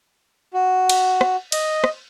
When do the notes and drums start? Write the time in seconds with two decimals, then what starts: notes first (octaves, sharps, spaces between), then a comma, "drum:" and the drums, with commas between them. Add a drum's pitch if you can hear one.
0.54 F#4
0.89 drum: cymbal
1.21 drum: rim click
1.52 D#5, drum: cymbal
1.84 drum: rim click